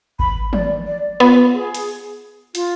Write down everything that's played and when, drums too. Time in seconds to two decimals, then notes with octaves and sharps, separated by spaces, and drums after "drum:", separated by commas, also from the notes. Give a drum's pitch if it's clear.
0.19 B5, drum: kick G#1
0.53 D5, drum: tom
0.87 D5
1.20 B3 F4
1.54 G#4
1.74 drum: hi-hat
2.55 F4, drum: hi-hat